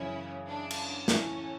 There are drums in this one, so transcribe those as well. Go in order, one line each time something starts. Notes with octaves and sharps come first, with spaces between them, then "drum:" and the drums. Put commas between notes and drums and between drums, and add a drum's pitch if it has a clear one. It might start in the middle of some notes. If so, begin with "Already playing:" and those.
Already playing: F#2 C#3 E3 C#4 E4
D4
drum: cymbal
A2 E3 A3 C#4, drum: snare